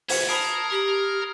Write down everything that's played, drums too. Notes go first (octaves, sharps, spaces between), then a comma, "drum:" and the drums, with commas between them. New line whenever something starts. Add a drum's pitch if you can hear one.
A#3 C5 E5 G#6 C#7, drum: open hi-hat
A#4 A5 B5 D#6 C7
G4 A#5 F#7